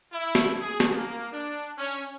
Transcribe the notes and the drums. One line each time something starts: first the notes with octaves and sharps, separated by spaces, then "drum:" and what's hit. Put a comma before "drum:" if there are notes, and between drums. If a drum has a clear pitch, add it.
E4
drum: snare
G#4
drum: snare
A#3
D4
C#4